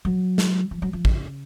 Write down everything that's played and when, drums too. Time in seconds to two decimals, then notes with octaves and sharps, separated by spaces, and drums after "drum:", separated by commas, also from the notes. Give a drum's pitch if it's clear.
0.05 F#3
0.38 drum: snare
0.71 F3
0.82 F#3
0.93 F3
1.05 C#3, drum: kick